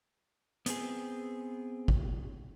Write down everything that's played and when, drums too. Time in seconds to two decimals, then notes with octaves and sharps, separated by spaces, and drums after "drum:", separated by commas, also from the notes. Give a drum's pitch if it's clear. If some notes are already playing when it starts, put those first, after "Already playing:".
0.66 B3 C4 G#4, drum: hi-hat
1.88 drum: kick